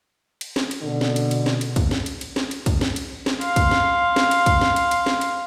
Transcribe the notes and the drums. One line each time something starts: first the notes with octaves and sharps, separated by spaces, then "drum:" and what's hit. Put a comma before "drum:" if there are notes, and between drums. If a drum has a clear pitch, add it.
drum: cymbal
drum: snare
drum: cymbal
B2 D3
drum: snare
drum: cymbal
drum: cymbal
drum: snare
drum: cymbal
drum: kick, cymbal
drum: snare
drum: cymbal
drum: cymbal
drum: snare
drum: cymbal
drum: kick, cymbal
drum: snare
drum: cymbal
drum: snare
F5 C6, drum: cymbal
drum: kick, cymbal
drum: snare
drum: snare
drum: cymbal
drum: kick, cymbal
drum: snare
drum: cymbal
drum: cymbal
drum: snare
drum: cymbal